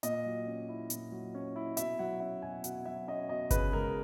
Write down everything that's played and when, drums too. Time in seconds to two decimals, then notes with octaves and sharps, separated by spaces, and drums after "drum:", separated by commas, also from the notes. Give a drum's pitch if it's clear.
0.03 A#2 D#5, drum: hi-hat
0.25 F#3
0.47 C#4
0.69 E4
0.90 A#2, drum: hi-hat
1.12 F#3
1.35 C#4
1.56 E4
1.77 B2 E5, drum: hi-hat
1.99 F#3 F#5
2.20 C#4 E5
2.42 B2 G#5
2.64 B2 F#5, drum: hi-hat
2.85 F#3 E5
3.07 C#4 D#5
3.29 B2 D#5
3.51 C#3 B4, drum: kick G1, hi-hat
3.73 G#3 A#4